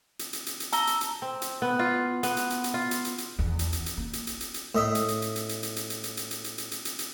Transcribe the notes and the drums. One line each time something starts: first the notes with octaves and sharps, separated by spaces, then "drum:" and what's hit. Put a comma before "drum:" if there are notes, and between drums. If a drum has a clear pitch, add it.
drum: hi-hat
drum: hi-hat
drum: hi-hat
drum: hi-hat
A5 A#5 E6 G7, drum: hi-hat
drum: hi-hat
drum: hi-hat
C4
drum: hi-hat
B3
F4
B3, drum: hi-hat
drum: hi-hat
drum: hi-hat
drum: hi-hat
F4
drum: hi-hat
drum: hi-hat
drum: hi-hat
E2
drum: hi-hat
drum: hi-hat
drum: hi-hat
A#3
drum: hi-hat
drum: hi-hat
drum: hi-hat
drum: hi-hat
A2 D#5 E5
drum: hi-hat
drum: hi-hat
drum: hi-hat
drum: hi-hat
drum: hi-hat
drum: hi-hat
drum: hi-hat
drum: hi-hat
drum: hi-hat
drum: hi-hat
drum: hi-hat
drum: hi-hat
drum: hi-hat
drum: hi-hat
drum: hi-hat
drum: hi-hat